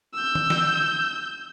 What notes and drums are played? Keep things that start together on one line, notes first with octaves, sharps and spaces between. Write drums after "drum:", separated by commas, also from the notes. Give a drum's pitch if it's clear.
E6 G6
drum: tom D#3
drum: snare